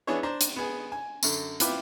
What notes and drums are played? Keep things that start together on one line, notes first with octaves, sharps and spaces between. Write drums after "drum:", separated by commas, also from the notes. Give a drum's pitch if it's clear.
E3 B3 D4 G#4 C#5
D4 C5 A#5
drum: hi-hat
B3 G#4
G#5
F#2 D3, drum: tambourine
E4 F4 B4 G5 D6, drum: hi-hat